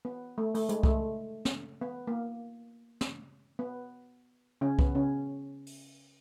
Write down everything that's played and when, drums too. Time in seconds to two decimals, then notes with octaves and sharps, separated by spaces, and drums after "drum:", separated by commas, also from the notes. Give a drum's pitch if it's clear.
0.05 B3
0.38 A3
0.55 A3, drum: open hi-hat
0.69 G#3, drum: hi-hat
0.83 A3, drum: kick C2
1.45 drum: snare
1.81 B3
2.07 A#3
3.01 drum: snare
3.59 B3
4.61 C#3 C#4
4.79 B3, drum: kick C2
4.95 C#3 C#4
5.66 drum: open hi-hat